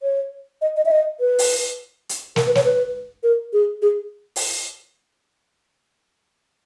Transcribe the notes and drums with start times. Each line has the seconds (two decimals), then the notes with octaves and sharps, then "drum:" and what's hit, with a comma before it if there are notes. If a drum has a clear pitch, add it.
0.03 C#5
0.61 D#5
0.76 D#5
0.85 E5
0.91 D#5
1.20 B4
1.39 drum: open hi-hat
2.09 drum: hi-hat
2.36 A#4, drum: snare
2.47 B4
2.55 C#5, drum: snare
2.65 B4
3.23 A#4
3.53 G#4
3.82 G#4
4.36 drum: open hi-hat